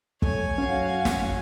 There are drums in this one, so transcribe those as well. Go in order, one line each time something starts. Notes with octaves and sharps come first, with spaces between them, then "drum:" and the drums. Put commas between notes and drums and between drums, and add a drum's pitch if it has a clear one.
A3 C#5 G#5, drum: kick
F#2 C#4 F#4 F5
drum: snare